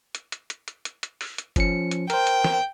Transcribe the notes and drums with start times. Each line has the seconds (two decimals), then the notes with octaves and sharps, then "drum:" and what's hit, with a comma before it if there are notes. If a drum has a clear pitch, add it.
0.15 drum: hi-hat
0.32 drum: hi-hat
0.50 drum: hi-hat
0.68 drum: hi-hat
0.85 drum: hi-hat
1.03 drum: hi-hat
1.21 drum: open hi-hat
1.38 drum: hi-hat
1.56 F3 C#4 C#7, drum: kick F#1, hi-hat
1.91 drum: hi-hat
2.10 A#4 C5 G5, drum: hi-hat
2.27 drum: hi-hat
2.44 drum: snare